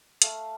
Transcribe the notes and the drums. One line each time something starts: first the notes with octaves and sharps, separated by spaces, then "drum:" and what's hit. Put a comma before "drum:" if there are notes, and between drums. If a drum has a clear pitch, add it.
A3 F5, drum: hi-hat